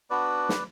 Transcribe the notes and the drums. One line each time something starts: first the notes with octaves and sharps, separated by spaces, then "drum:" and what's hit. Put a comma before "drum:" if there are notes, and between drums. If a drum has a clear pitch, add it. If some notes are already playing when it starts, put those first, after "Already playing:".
B3 D4 F#4 B4 D5
drum: snare